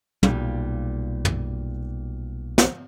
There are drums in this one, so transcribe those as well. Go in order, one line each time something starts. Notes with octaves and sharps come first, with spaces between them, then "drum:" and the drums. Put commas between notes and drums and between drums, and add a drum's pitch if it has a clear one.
B1 A#2 G3, drum: tom
drum: tom
drum: snare